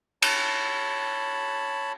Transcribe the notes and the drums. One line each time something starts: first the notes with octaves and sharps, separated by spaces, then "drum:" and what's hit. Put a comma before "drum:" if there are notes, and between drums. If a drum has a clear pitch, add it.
C#5 A5 B5, drum: cymbal